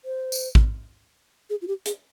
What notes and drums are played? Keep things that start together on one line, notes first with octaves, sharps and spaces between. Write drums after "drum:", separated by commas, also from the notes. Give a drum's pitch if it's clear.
C5
drum: tambourine
drum: kick
G#4
F4
G4
G#4, drum: hi-hat